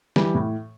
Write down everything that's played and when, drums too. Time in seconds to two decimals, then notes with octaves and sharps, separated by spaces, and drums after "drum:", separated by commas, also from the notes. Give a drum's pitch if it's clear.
0.16 E3 G3, drum: snare
0.35 A2